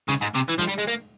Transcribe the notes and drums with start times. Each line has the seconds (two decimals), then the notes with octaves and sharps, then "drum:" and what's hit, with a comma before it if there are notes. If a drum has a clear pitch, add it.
0.09 C#3, drum: snare
0.22 G#2
0.35 C3, drum: hi-hat
0.49 E3
0.59 F3, drum: snare
0.68 G3
0.79 G#3
0.88 A#3, drum: hi-hat